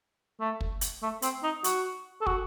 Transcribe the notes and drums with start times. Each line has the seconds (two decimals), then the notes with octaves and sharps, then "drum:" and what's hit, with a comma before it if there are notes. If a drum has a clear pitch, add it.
0.40 A3
0.61 drum: kick
0.81 drum: hi-hat
1.02 A3
1.22 C4, drum: hi-hat
1.43 D#4
1.64 F#4, drum: hi-hat
2.21 A4
2.26 F#4, drum: kick